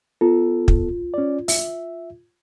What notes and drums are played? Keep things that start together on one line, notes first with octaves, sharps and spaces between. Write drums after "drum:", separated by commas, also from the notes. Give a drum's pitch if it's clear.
B3 F4 A4
drum: kick
C#4 D5
E5, drum: open hi-hat